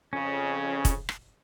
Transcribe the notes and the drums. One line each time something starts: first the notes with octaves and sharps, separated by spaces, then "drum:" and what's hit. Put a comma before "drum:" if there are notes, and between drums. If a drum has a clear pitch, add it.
F2 C#3 C#4
drum: kick, hi-hat
drum: rim click